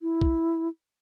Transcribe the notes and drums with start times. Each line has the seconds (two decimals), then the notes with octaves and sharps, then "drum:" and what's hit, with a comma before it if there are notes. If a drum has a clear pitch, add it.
0.02 E4
0.21 drum: kick